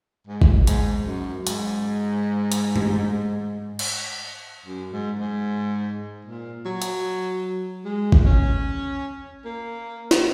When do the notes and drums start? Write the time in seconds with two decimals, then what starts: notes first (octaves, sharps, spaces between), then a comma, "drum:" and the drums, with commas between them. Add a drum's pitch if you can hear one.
0.27 G#2
0.42 drum: kick G#1
0.67 G#2, drum: hi-hat
1.07 F#2
1.47 G#2, drum: hi-hat
2.52 drum: hi-hat
2.76 drum: tom
3.79 drum: cymbal
4.66 F#2
4.93 G#2
5.19 G#2
6.25 A#2
6.65 F#3
6.82 drum: hi-hat
7.85 G#3
8.12 drum: kick G#1
8.26 C#4
9.45 A#3
10.11 drum: snare